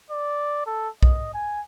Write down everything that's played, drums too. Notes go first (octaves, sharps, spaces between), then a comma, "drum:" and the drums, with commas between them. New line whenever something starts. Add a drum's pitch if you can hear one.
D5
A4
D#5, drum: kick B1
G#5